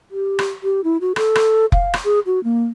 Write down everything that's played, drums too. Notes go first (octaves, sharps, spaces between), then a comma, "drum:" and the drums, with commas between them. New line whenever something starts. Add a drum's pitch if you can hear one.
G4
drum: rim click
G4
E4
F#4
A4, drum: rim click
drum: rim click
F5, drum: kick F1
drum: rim click
G#4
F#4
A#3